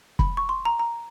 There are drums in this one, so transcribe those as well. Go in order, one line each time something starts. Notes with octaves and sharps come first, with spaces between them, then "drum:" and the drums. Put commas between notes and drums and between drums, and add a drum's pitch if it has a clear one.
B5, drum: kick
C#6
C6
A#5
A#5